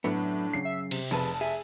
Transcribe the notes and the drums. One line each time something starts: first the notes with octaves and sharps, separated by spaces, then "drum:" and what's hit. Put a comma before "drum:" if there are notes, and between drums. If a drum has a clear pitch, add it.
F#2 A2 F#3 B3 D4
F#2 C#3 C7
E5
C3, drum: cymbal
F1 F2 G#4 B4 A5
G#4 E5